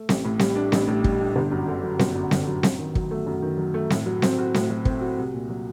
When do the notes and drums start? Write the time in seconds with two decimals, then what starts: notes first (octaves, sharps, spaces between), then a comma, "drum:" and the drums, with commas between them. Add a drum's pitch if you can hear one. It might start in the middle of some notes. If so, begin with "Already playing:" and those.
Already playing: A3
0.09 A1, drum: snare C4
0.24 A2
0.39 G3, drum: snare C4
0.55 D4
0.72 A1, drum: snare C4
0.87 A2
1.04 G3, drum: kick
1.20 D4
1.36 G1
1.51 F#2
1.67 D3
1.83 F#3
1.99 G1, drum: snare C4
2.15 F#2
2.31 D3, drum: snare C4
2.47 F#3
2.63 F#2, drum: snare C4
2.79 D#3
2.95 F#3, drum: kick
3.11 A3
3.26 F#2
3.42 D#3
3.58 F#3
3.74 A3
3.90 A2, drum: snare C4
4.06 F#3
4.22 C4, drum: snare C4
4.38 F#4
4.54 A2, drum: snare C4
4.69 F#3
4.85 C4, drum: kick
5.01 F#4
5.18 C2
5.34 A#2
5.49 F#3